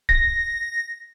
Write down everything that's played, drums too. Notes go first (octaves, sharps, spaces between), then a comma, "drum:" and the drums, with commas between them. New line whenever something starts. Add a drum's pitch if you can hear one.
A#6, drum: kick